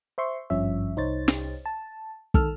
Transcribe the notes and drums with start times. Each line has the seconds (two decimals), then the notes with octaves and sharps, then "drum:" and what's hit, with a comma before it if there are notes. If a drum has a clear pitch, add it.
0.18 C5 E5 C6 C#6
0.50 G#1 G2 F3 C#4 C#5 E5
0.97 C2 D#4 C5 C#5 A6
1.28 drum: snare
1.66 A5
2.34 D#3 A4 A5 E6 F6, drum: kick